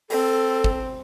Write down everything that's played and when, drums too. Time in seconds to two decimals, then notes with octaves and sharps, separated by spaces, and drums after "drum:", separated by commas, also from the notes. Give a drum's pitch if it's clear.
0.10 C4 A4, drum: open hi-hat
0.64 drum: kick